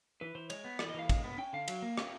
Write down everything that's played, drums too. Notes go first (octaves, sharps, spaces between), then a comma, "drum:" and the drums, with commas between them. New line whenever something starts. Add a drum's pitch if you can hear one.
E3 B4
E3 C5
G#3 C#5, drum: cymbal
B3
E3 D5, drum: rim click
D#5
E3 F5
G#3, drum: kick, cymbal
B3
C#4 G5
D3 F5
F#3, drum: cymbal
A#3
C#4, drum: rim click